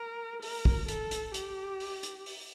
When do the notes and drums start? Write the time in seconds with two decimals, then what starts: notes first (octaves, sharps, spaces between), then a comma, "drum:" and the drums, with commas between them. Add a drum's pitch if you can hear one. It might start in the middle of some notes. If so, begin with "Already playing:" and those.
Already playing: A#4
0.42 A#4, drum: open hi-hat
0.65 drum: kick
0.88 A4, drum: hi-hat
1.11 drum: hi-hat
1.34 G4, drum: hi-hat
1.80 drum: open hi-hat
2.03 drum: hi-hat
2.26 drum: open hi-hat